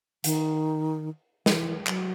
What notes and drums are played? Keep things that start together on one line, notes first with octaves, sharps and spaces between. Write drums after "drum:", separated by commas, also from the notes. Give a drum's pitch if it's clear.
D#3, drum: hi-hat
E3, drum: snare
F#3, drum: clap